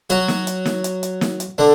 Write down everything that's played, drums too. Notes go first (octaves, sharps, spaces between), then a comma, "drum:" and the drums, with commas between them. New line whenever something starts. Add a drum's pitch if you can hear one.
F#3 F#4, drum: hi-hat
drum: snare
drum: hi-hat
drum: snare
drum: hi-hat
drum: hi-hat
drum: snare
drum: hi-hat
D3 D4